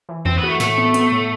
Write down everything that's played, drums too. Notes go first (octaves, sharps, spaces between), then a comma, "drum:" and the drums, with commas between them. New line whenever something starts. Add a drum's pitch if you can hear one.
E3
E3 C4, drum: tom E2
B3
A3 F#4
A2 A3, drum: snare
B3
B3, drum: hi-hat
A2